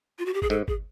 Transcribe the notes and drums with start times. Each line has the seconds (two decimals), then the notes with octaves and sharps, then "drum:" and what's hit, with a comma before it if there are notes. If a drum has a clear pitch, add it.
0.19 F4
0.26 F#4
0.34 G4
0.42 G#4, drum: kick
0.50 G#2 A4
0.68 G#4, drum: kick